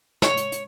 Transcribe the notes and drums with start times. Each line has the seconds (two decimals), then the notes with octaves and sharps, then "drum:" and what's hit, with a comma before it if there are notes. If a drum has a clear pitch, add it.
0.22 C#5, drum: snare
0.37 drum: hi-hat
0.52 drum: hi-hat